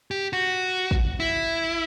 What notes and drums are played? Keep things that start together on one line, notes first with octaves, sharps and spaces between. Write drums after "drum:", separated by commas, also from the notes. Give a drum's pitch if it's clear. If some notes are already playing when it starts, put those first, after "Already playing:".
G4
F#4
drum: kick
E4